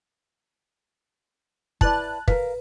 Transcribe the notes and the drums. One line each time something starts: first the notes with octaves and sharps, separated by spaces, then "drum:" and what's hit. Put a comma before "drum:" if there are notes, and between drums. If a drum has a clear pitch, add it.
E4 B4 D5 A5 F#6, drum: kick
A#4 B4 F5, drum: kick